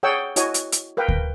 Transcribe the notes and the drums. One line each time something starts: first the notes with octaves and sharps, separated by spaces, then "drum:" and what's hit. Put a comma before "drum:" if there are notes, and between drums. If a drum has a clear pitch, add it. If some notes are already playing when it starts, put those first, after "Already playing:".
G#4 C#5 D5 F#5 G5 E6
E4 F#4 C#5 D#5 G#5, drum: hi-hat
drum: hi-hat
drum: hi-hat
A#4 B4 F5 G5
drum: kick D2